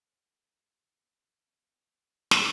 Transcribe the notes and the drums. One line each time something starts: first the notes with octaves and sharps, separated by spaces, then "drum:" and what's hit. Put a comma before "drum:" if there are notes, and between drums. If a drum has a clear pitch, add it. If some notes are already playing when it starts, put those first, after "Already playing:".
Already playing: F2 D#3 G3 A4
C5
A4
A#2 F3
C4
A#2 F3 C4
C4
drum: snare